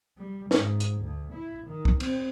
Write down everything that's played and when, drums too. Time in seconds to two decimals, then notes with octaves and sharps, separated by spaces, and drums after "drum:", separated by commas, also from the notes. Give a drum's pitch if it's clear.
0.18 G3
0.51 G#2, drum: snare
0.80 drum: hi-hat
1.02 D2
1.33 E4
1.67 D#3
1.85 drum: kick C2
2.00 C4, drum: cymbal